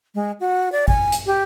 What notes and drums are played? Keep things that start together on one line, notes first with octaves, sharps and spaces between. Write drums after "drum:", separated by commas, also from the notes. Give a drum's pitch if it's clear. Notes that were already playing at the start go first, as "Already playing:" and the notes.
G#3
F#4
D5
G#5, drum: kick G#1
drum: hi-hat
G4